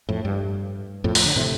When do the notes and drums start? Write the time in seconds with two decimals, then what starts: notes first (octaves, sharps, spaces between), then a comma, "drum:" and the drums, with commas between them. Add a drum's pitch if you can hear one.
0.09 F2 A2
0.25 G2
1.04 F2 A2
1.15 drum: open hi-hat
1.25 D3
1.36 A2 C3